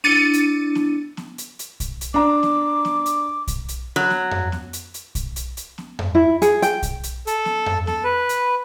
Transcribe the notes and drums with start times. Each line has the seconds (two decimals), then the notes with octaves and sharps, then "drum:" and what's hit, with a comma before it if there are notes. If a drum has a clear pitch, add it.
0.04 D4 E4 A6 C#7 D#7
0.33 drum: hi-hat
0.75 drum: snare B3
1.17 drum: snare B3
1.38 drum: hi-hat
1.59 drum: hi-hat
1.80 drum: kick, hi-hat
2.01 drum: hi-hat
2.14 D4 A#5 D6
2.43 drum: snare B3
2.85 drum: snare B3
3.06 drum: hi-hat
3.48 drum: kick, hi-hat
3.68 drum: hi-hat
3.96 F#3
4.10 drum: snare B3
4.31 drum: tom F2
4.52 drum: snare B3
4.73 drum: hi-hat
4.94 drum: hi-hat
5.15 drum: kick, hi-hat
5.36 drum: hi-hat
5.57 drum: hi-hat
5.78 drum: snare B3
5.99 drum: tom F2
6.15 E4
6.42 G#4, drum: hi-hat
6.62 G5, drum: hi-hat
6.82 drum: kick, hi-hat
7.03 drum: hi-hat
7.27 A4, drum: hi-hat
7.45 drum: snare B3
7.66 drum: tom F2
7.87 A4, drum: snare B3
8.04 B4
8.29 drum: hi-hat